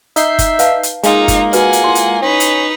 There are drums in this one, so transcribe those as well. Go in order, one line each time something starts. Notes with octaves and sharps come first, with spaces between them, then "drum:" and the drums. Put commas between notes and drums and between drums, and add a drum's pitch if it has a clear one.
D#4 E5 G6 C7, drum: hi-hat
drum: kick F#1, hi-hat
B4 F5 A5, drum: hi-hat
drum: hi-hat
G#3 A#3 D#4 F4, drum: hi-hat
drum: kick F#1, hi-hat
F#4 B4 F#5 G#5, drum: hi-hat
drum: hi-hat
E4 C6
drum: hi-hat
C#4 D#4 B4
drum: hi-hat